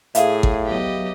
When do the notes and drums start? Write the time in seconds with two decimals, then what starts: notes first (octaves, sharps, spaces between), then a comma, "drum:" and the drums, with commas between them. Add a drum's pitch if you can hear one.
0.15 A2 G#4 E5 F5, drum: hi-hat
0.43 drum: kick G#1
0.65 F#3 B3 G4 D#5